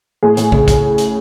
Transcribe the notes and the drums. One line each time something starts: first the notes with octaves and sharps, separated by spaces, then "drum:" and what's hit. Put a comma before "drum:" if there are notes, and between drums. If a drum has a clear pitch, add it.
A2 G#4
A2, drum: hi-hat
C#3, drum: kick
drum: kick, hi-hat
drum: hi-hat